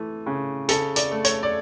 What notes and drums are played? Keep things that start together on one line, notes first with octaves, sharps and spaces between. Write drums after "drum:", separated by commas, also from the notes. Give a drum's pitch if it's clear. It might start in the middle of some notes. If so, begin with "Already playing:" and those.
Already playing: E3 A3
C#3
C#3 A4, drum: hi-hat
D5, drum: hi-hat
A3
C#5, drum: hi-hat
D5